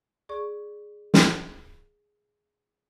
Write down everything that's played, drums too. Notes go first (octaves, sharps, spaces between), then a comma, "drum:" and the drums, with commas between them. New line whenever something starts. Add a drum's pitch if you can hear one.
G#4 D5 C#6
drum: snare